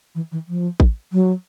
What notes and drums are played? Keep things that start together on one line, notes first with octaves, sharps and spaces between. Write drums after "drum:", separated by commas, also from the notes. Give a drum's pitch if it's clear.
E3
E3
F3
drum: kick A1
F#3